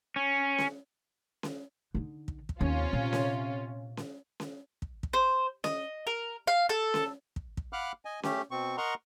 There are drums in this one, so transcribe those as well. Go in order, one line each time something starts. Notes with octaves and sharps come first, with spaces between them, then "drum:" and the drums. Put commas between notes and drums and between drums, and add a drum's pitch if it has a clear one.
C#4
drum: snare C#4
drum: snare C#4
D3 D#4
drum: kick
drum: kick
D#2 C3 C#4 F4
A#2
drum: snare C#4
drum: snare C#4
drum: snare C#4
drum: kick
drum: kick
C5
D#5, drum: snare C#4
A#4
F5
A4
drum: snare C#4
drum: kick
drum: kick
F5 F#5 B5 D6 F6 F#6
D#5 G#5
A3 C#4 G4, drum: snare C#4
B2 C4 C#6
A#4 D#5 F#5 A#5 C6 C#6